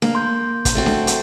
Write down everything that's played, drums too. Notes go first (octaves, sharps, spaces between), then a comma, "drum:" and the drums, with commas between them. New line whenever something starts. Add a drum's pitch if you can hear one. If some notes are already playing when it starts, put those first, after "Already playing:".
A#3, drum: snare D4
C6 G6
drum: kick, hi-hat
A3 C4 F#4
drum: snare D4
drum: hi-hat